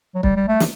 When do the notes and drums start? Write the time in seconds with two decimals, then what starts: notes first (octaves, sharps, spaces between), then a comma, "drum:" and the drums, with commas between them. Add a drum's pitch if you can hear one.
0.15 F#3
0.23 G3, drum: kick
0.36 G3
0.48 A3
0.60 drum: snare